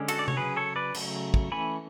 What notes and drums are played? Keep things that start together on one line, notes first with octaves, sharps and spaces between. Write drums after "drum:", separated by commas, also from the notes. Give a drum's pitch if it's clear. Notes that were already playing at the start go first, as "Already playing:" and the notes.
Already playing: D3 G#3 C#4
F#4 A4, drum: cymbal
D5
C#5, drum: tom C3
C#3 F#3 C#4 G#4 B4
A4 C#5
B4 D5
C#3 F#3 A3, drum: cymbal
drum: kick
E3 A3 C#4 G#5 B5